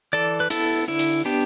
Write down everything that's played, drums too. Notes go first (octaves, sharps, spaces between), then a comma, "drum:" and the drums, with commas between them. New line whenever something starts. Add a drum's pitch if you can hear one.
E3 A4 D5
B4
B3 E4 A4, drum: hi-hat
D3 E4
drum: hi-hat
B3 D4 G4